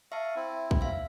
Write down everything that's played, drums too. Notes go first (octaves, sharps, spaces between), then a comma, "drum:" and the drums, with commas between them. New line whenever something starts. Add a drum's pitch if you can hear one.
E5 F5 A5 C#6
C4 E4
drum: kick
E5 F5